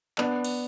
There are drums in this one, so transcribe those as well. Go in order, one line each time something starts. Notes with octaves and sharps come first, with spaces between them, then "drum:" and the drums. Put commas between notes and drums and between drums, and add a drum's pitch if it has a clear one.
B3 D4, drum: clap
drum: cymbal